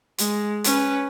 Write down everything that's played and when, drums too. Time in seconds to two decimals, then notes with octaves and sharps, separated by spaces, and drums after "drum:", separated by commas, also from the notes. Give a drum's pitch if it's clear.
0.18 G#3, drum: hi-hat
0.64 C#4 B4, drum: hi-hat